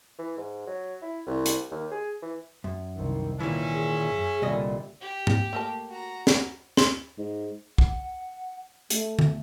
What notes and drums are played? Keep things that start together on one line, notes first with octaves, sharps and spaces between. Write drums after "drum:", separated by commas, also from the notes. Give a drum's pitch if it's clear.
E3
G#2
F#3
E4
C2
drum: hi-hat
D#2
G#4
E3
F#2
C2 C3 D#3
D#2 A#2 D#3 E3 C#4 E5
G#4
F#2
C2 A#2 D3 G3 D#5
G4
drum: tom G#2
A3 A#3 A5
F#4 A#5
drum: snare
C6, drum: snare
G#2
F#5, drum: kick
A3, drum: hi-hat
drum: tom D3